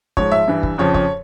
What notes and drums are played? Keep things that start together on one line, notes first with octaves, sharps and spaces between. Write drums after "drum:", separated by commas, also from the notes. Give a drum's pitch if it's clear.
G#2 F3 C#5, drum: kick
E5
G2 E3
drum: kick
F2 C#3 F3 C#5
C#5, drum: kick